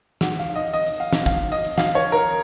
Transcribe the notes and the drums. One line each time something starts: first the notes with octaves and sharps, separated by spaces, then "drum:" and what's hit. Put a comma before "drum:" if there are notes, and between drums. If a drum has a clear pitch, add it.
F#5, drum: snare
F5
D#5
D#5, drum: hi-hat
drum: hi-hat
F5
drum: snare
F5, drum: kick, hi-hat
D#5, drum: hi-hat
drum: hi-hat
F5, drum: snare
C#5
A#4